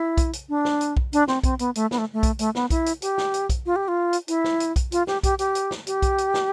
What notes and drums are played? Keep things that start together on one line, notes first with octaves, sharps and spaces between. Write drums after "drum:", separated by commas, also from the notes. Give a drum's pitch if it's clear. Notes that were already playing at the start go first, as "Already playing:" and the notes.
Already playing: E4
drum: kick B1, hi-hat
drum: hi-hat
D4
drum: snare
drum: hi-hat
drum: kick B1
D4, drum: hi-hat
C4, drum: snare
C4, drum: kick B1, hi-hat
B3, drum: hi-hat
A3, drum: hi-hat
B3, drum: snare
A3
A3
drum: kick B1, hi-hat
A3, drum: hi-hat
B3, drum: snare
E4, drum: kick B1, hi-hat
drum: hi-hat
G4, drum: hi-hat
drum: snare
drum: hi-hat
drum: kick B1, hi-hat
F4
G4
F4
drum: hi-hat
E4, drum: hi-hat
drum: snare
drum: hi-hat
drum: kick B1, hi-hat
F4, drum: hi-hat
G4, drum: snare
G4, drum: kick B1, hi-hat
G4, drum: hi-hat
drum: hi-hat
drum: snare
G4, drum: hi-hat
drum: kick B1, hi-hat
drum: hi-hat
drum: snare